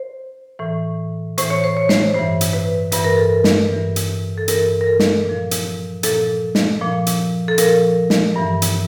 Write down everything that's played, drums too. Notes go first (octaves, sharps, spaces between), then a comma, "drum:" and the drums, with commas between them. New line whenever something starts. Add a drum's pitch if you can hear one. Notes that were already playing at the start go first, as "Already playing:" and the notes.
Already playing: C5
A2 E3
A2 E3 C5, drum: hi-hat
C#5
C5
C#5
C5, drum: snare
G2 E3 C5
drum: hi-hat
B4
G2 E3 B4, drum: hi-hat
A#4
A4
A#4
drum: snare
G2 E3
drum: hi-hat
A4
G2 E3 A#4, drum: hi-hat
A#4
A4
drum: snare
A#2 F3
drum: hi-hat
A#2 F3 A4, drum: hi-hat
drum: snare
A#2 F3
drum: hi-hat
A4
A#2 F3 A#4, drum: hi-hat
drum: snare
G2 E3
drum: hi-hat